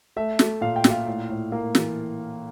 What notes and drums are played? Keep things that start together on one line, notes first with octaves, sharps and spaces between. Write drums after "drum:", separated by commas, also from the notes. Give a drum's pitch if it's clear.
A3 E5
A3, drum: snare
A#2 F5
G5
A#2, drum: snare
F5
A2
A2
A#3
E3, drum: snare